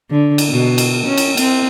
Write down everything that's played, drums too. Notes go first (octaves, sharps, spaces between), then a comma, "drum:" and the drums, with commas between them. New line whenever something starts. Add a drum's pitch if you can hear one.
D3
drum: cymbal
B2
drum: cymbal
C#4
drum: cymbal
C4, drum: cymbal